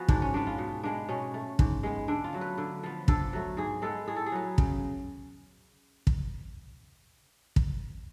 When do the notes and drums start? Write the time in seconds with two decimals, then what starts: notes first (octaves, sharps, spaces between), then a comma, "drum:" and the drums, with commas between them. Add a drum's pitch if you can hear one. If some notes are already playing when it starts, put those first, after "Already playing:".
Already playing: F3 B3 F#4 G#4
0.08 G#2 D4, drum: kick
0.22 C#4
0.34 G#3 B3 D4
0.47 F4
0.58 B2
0.83 G#3 B3 D4
1.08 B2 C#4
1.34 A3
1.59 G#2, drum: kick
1.83 G#3 B3
2.08 D3 D4
2.24 F4
2.33 F#3 A3
2.41 B4
2.58 D3
2.83 F3 B3
3.08 D3 A4, drum: kick
3.33 F#3 A3
3.57 G#2 G#4
3.82 G#3 B3 A4
4.08 A2 G#4
4.16 A4
4.26 G#4
4.32 F#3 B3
4.58 C#3, drum: kick
6.07 drum: kick
7.56 drum: kick